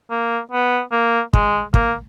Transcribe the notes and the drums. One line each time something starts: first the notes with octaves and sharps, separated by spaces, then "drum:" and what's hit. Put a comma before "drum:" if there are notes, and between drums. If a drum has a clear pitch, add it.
A#3
B3
A#3
G#3, drum: kick
A#3, drum: kick